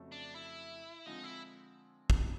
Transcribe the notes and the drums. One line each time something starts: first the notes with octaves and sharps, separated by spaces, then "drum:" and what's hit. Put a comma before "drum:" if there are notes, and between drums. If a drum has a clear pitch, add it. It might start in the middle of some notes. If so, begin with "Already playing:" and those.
Already playing: F2 C#3 F#3 A3 C#4
D4
E4
D3 F3 G#3 C4 D#4 F4
E4
drum: kick